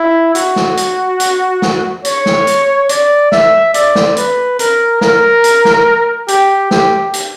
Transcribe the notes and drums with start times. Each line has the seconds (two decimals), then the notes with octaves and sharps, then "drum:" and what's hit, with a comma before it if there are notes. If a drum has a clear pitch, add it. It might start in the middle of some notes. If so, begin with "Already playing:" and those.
Already playing: E4
0.35 F#4, drum: hi-hat
0.56 drum: snare
0.77 drum: hi-hat
1.20 drum: hi-hat
1.62 drum: snare
2.05 C#5, drum: hi-hat
2.26 drum: snare
2.47 drum: hi-hat
2.89 D5, drum: hi-hat
3.32 E5, drum: snare
3.74 D5, drum: hi-hat
3.95 drum: snare
4.17 B4, drum: hi-hat
4.59 A#4, drum: hi-hat
5.01 A#4, drum: snare
5.44 drum: hi-hat
5.65 drum: snare
6.28 G4, drum: hi-hat
6.71 G4, drum: snare
7.13 drum: hi-hat